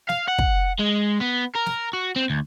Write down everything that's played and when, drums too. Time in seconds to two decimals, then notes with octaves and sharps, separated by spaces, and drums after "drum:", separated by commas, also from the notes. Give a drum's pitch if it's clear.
0.09 F5, drum: snare
0.28 F#5
0.38 drum: kick
0.79 G#3
1.21 B3
1.56 A#4
1.66 drum: snare
1.93 F#4
2.16 C4
2.30 D2